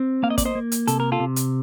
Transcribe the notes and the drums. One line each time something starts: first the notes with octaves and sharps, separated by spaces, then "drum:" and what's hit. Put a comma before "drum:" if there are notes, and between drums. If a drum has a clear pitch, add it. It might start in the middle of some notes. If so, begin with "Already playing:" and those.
Already playing: C4
A#3 F5
D#5
D5, drum: kick, hi-hat
C5 D#5
A#3
drum: hi-hat
C3 A4, drum: hi-hat
A#4
F4 A4
C3
drum: hi-hat